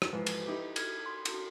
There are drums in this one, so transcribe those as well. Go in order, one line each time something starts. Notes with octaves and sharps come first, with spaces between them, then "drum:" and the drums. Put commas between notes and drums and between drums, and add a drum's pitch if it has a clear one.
drum: rim click
G#2 E3 F3 B4
drum: cymbal
D#4 E4 G4
F6 G#6, drum: cymbal
C6
drum: cymbal